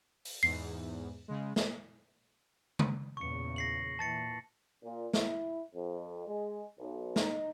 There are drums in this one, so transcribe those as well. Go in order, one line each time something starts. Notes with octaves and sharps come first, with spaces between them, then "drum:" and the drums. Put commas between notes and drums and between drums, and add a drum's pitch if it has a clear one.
drum: open hi-hat
E2 G#2 C7
C#3 G#3
drum: snare
drum: tom C#3
E2 A#2 C#3 C#6 C#7
A#6 C7 F#7
A#2 E3 A5 A6 C#7
A#2
E4, drum: snare
F2
G#3
B1
D#4, drum: snare